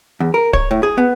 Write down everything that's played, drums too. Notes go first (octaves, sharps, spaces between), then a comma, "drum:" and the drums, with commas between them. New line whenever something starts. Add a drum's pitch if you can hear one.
E2
A#4
C#5, drum: kick
A2
G#4
B3